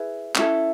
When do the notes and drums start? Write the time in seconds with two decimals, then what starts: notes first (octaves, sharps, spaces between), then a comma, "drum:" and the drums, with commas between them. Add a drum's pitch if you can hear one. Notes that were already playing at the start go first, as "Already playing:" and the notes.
Already playing: E4 G#4 B4
0.35 C#4 E4 A4, drum: clap